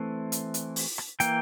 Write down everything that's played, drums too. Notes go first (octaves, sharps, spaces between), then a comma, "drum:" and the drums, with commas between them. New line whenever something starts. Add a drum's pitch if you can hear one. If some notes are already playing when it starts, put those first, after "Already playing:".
Already playing: E3 A3 C4
drum: hi-hat
drum: hi-hat
drum: open hi-hat
drum: rim click
E3 A#3 G5, drum: hi-hat